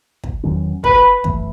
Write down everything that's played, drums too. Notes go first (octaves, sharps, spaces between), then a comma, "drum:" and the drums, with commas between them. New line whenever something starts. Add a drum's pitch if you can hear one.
drum: kick
E2 D#3 F#3 C#4
B4, drum: kick
F#2 E3 A3, drum: kick